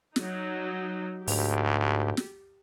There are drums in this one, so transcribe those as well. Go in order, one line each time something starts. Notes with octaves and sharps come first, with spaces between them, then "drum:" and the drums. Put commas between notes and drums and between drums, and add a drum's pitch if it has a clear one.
F#3 D#4, drum: snare
D2 G#2 G4, drum: open hi-hat
drum: snare